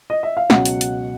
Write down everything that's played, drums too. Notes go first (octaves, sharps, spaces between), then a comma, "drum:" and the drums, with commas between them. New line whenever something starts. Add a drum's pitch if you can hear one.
D#5
E5
F5
C#2 B2 F#3 F#5, drum: snare
drum: hi-hat
drum: hi-hat